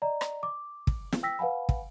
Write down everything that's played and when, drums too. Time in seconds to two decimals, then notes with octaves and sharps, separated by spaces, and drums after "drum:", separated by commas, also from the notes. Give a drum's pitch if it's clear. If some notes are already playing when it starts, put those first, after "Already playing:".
0.02 D5 D#5 A#5
0.21 drum: rim click
0.43 D6
0.87 drum: kick
1.13 drum: snare
1.23 G5 E6 A#6 B6
1.39 B4 F5 F#5 G#5 B5
1.69 drum: kick